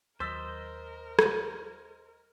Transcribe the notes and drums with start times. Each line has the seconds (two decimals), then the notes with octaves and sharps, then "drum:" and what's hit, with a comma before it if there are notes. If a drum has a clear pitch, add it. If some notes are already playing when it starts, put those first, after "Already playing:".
0.20 D#2 F#3 A#4 C5 D#5 E6 A6 B6
1.19 drum: rim click